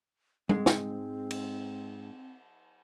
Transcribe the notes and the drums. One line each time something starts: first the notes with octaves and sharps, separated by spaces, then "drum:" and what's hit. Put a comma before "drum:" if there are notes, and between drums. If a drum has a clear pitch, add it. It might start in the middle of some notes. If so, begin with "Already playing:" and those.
G#2 G#3 C4, drum: tom G3
drum: snare
drum: cymbal